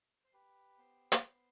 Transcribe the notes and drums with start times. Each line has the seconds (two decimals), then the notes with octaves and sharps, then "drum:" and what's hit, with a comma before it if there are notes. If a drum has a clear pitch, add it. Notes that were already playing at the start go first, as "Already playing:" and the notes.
0.24 C5
0.33 G4 B4
0.78 B3 C5
1.12 drum: hi-hat
1.22 B3